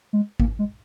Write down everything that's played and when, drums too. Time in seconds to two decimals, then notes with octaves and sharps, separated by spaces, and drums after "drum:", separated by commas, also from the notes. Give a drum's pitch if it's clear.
0.13 G#3
0.40 A#3, drum: kick G#1
0.59 G#3